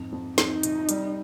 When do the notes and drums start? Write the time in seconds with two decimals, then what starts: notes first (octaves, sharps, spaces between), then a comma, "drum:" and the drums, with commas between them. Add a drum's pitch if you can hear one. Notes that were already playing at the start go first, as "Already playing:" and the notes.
Already playing: F2 G#2
0.12 F2
0.38 F2 D#4, drum: snare
0.63 C3, drum: hi-hat
0.89 G3, drum: hi-hat